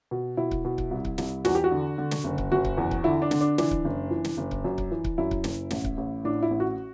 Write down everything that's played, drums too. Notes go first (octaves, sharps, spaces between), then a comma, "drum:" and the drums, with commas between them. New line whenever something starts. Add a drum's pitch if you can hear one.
B2
B2 E4
drum: kick C#1
B2
drum: kick C#1
C2
drum: kick C#1
C2, drum: snare
E2 F#4, drum: snare
G4
F#4
D3
D3
drum: snare
F#1
drum: kick C#1
F#1 F#4
drum: kick C#1
E2
drum: kick C#1
D3 E4
D4
D3, drum: snare
D4
E3 D4, drum: snare
drum: kick C#1
F#1
E3
drum: snare
F#1
drum: kick C#1
F#2
drum: kick C#1
E3
drum: kick C#1
F#2 E4
drum: kick C#1
F#1, drum: snare
A1, drum: snare
drum: kick C#1
A1
A2 D4
E4
A1
F#4